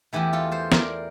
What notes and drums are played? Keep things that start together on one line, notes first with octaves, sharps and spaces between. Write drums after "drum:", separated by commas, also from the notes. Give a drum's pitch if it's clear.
E2 E3 A3 E4 G4
F4 A4
A4 C5
A#4 D5, drum: snare